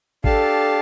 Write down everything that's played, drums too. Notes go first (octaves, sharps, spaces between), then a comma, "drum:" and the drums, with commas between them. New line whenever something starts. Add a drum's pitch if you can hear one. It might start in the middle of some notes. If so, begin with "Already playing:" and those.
D4 G4 A4 F5 A5, drum: kick